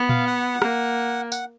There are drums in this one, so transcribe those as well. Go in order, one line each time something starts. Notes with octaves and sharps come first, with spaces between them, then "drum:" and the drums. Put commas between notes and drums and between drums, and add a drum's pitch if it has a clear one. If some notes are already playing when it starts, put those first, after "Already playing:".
Already playing: B3
F5, drum: tom A#2
F#5
A#3, drum: rim click
F#5, drum: tambourine